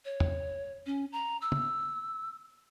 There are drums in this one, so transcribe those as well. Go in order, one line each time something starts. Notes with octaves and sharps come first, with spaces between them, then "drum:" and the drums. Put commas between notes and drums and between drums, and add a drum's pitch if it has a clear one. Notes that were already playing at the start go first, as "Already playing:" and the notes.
C#5
drum: tom
C#4
A#5
E6
drum: tom